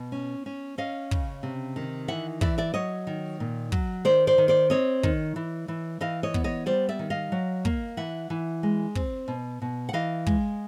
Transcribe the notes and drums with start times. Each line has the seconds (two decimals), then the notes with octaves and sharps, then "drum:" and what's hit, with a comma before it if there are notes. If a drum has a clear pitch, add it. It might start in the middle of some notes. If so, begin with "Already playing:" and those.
Already playing: B2
0.12 C#4
0.46 C#4
0.78 C#4 D#5 F5
1.11 C#3, drum: kick
1.43 C3
1.76 D#3
2.08 E3 E5 F#5
2.41 E3 D5 E5, drum: kick
2.58 D5 E5
2.74 F#3 C#5 D#5
3.07 D#3
3.40 A#2
3.72 F#3, drum: kick
4.05 D#3 C5 D5
4.27 C5 D5
4.38 D#3
4.48 C5 D5
4.70 C4 C#5 D#5
5.03 D#3, drum: kick
5.36 E3
5.68 E3
6.01 E3 D#5 F5
6.23 C#5 D#5
6.34 B3, drum: kick
6.44 C#5 D#5
6.66 G3 C5 D5
6.89 D5 E5
6.99 D#3
7.10 D#5 F5
7.32 F#3
7.65 A#3, drum: kick
7.97 E3 E5 F#5
8.30 E3
8.63 G#3
8.95 C4, drum: kick
9.28 B2
9.62 B2
9.89 F#5
9.93 E3 D#5 F5
10.26 G#3, drum: kick